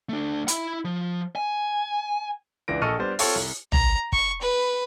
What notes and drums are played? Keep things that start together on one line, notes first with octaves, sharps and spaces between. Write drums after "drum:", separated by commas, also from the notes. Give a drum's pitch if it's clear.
A3 D4
E4 B5, drum: hi-hat
F3
G#5
C#2 E3 D4 A#6 D7
A#1 A4 D#5 C#6 F6 D#7
G3 B3 D4 C5 A6
C4 F4 A4 C#5 F5 G5, drum: open hi-hat
C2
A#5, drum: tom
C#6, drum: kick
B4